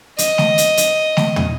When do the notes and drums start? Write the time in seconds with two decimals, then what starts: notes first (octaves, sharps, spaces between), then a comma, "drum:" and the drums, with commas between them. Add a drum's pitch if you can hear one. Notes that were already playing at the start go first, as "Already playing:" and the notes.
0.18 D#5, drum: hi-hat
0.38 drum: snare A3
0.58 drum: hi-hat
0.77 drum: hi-hat
1.17 drum: snare A3
1.36 drum: tom